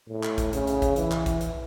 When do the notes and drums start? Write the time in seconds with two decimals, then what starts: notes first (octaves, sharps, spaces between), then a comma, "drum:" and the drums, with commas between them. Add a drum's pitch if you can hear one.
0.09 A2
0.23 drum: clap
0.38 drum: kick A1, hi-hat
0.53 C#3, drum: hi-hat
0.67 drum: hi-hat
0.82 drum: kick A1, hi-hat
0.96 E3, drum: hi-hat
1.11 drum: clap
1.26 drum: kick A1, hi-hat
1.41 drum: hi-hat